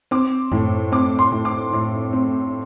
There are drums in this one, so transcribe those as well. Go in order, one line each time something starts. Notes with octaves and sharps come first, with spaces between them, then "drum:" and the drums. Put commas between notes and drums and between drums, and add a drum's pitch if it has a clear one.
C4 D6
A2, drum: tom F#2
C4 D6
C6
A2
D6
A2
C4